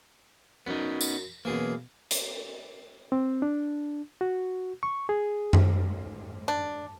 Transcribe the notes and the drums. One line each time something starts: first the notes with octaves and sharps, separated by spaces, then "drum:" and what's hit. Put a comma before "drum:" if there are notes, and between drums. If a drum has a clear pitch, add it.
F#2 B3 C#4 D#4
drum: tambourine
F#2 B2 E3 A#3 G#4
drum: hi-hat
C4
D4
F#4
C#6
G#4
drum: tom F#2
D4